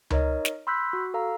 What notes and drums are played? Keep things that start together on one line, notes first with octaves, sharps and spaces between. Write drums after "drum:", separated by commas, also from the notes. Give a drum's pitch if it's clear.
D#4 A#4 C#5 D#5, drum: tom C#2
drum: snare
B5 C6 E6 F#6 G6 B6
F#4
A4 F5 A#5